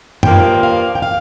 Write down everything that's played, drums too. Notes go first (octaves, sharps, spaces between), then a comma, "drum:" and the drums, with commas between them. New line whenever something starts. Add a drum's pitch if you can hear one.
G2 F3 A#3 F4 G5, drum: tom F#2
F5
G5
F5